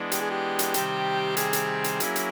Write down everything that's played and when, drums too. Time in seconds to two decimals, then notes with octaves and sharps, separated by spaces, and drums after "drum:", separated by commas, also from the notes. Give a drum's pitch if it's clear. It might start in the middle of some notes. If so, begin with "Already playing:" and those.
Already playing: E3 G#3 B3 D4
0.12 G4, drum: hi-hat
0.21 G#4
0.31 G4
0.59 drum: hi-hat
0.74 C3 D#3 G3 C4, drum: hi-hat
1.37 G#4, drum: hi-hat
1.53 drum: hi-hat
1.84 drum: hi-hat
2.00 F#3 A#3 C#4 E4, drum: hi-hat
2.16 drum: hi-hat